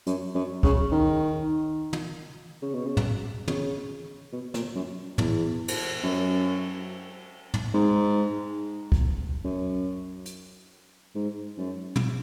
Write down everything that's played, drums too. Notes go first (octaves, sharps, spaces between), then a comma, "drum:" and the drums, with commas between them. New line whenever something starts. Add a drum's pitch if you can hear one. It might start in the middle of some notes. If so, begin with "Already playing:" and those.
F#2, drum: hi-hat
F#2
C#3, drum: kick
D#3
drum: tom
C#3
B2
C#3
drum: tom
C#3, drum: tom
B2
A#2, drum: snare
F#2
E2, drum: tom
drum: cymbal
F#2
drum: tom
G#2
drum: kick
F#2
drum: hi-hat
G#2
F#2
drum: tom